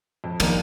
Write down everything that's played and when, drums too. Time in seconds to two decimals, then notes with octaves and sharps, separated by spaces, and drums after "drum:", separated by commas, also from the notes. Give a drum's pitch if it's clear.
0.24 F2
0.40 D#3 F3 A#3, drum: cymbal